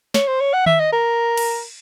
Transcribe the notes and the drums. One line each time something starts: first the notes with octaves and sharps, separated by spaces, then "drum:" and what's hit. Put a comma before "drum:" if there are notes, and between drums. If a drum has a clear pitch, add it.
C#5, drum: snare
C5
C#5
F#5
E5, drum: tom D#3
D#5
A#4
drum: cymbal